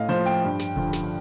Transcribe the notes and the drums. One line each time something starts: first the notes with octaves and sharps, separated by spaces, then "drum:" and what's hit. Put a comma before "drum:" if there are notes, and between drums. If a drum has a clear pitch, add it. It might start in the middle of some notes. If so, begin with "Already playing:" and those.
Already playing: A2 D#5 F5
F3 C5
G5
G2
drum: snare
D3 F3, drum: kick D#1
drum: snare